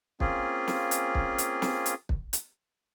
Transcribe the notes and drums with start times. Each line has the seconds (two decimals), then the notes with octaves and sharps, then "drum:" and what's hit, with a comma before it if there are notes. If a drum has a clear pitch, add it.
0.20 A#3 C4 C#4 F4 G#4, drum: kick
0.68 drum: snare
0.91 drum: hi-hat
1.15 drum: kick
1.38 drum: hi-hat
1.62 drum: snare
1.86 drum: hi-hat
2.09 drum: kick
2.33 drum: hi-hat